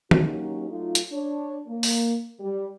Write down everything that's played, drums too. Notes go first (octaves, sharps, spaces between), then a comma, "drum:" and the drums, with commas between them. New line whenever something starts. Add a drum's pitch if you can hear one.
F#3 A#3 C#4 D#4 F#4 G4, drum: tom
F#3 A3 D#4 F4
drum: hi-hat
D4 C#5
A#3
drum: open hi-hat
G3